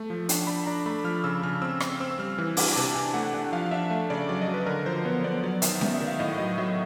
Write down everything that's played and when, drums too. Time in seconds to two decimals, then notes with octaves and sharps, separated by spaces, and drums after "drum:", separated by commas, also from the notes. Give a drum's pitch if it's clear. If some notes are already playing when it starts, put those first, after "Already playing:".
Already playing: A3
0.10 F3
0.29 D4, drum: hi-hat
0.47 D4 B5
0.66 D4 A#5
0.86 A3 B5
1.04 F3 F6
1.24 C#3 E6
1.43 C#3 F6
1.62 C4 E6
1.80 C4 F6, drum: rim click
2.00 C4 E6
2.19 G3 F6
2.38 E3
2.57 D4 D6, drum: open hi-hat
2.76 C3 A5
2.95 D4 G#5
3.14 A3 F#5
3.34 D4 F#5
3.52 F3 F5
3.71 D4 E5
3.90 A3
4.10 C#3 D5
4.29 F#3 D5
4.42 D#5
4.48 F#3
4.54 B4
4.66 D3 A#4
4.86 F3 C5
5.05 B3 C#5
5.24 B3 D5
5.43 F#3 D5
5.62 D#3 E5, drum: hi-hat
5.81 B3, drum: snare C#4
5.94 E5
6.01 D#3
6.07 F5
6.20 A2 D#5
6.38 F#3 D#5
6.58 F#3 E5